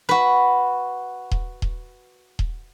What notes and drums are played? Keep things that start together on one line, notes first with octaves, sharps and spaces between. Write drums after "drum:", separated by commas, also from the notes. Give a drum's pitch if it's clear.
F#4 B4
drum: kick D#1
drum: kick D#1
drum: kick D#1